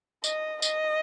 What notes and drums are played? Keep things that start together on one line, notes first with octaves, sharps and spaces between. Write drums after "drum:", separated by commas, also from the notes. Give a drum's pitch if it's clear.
D#5, drum: tambourine
D#5, drum: tambourine